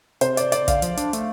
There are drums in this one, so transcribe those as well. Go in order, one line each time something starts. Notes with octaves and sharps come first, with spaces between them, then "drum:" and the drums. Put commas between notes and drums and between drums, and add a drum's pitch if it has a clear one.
C3 C5, drum: hi-hat
D5, drum: hi-hat
D5, drum: hi-hat
D3 F5, drum: kick, hi-hat
F3, drum: hi-hat
D4, drum: hi-hat
A3, drum: hi-hat